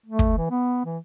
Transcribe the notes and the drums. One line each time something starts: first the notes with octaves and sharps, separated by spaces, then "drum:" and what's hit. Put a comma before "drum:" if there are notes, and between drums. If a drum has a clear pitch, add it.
A3
drum: kick
E3
B3
E3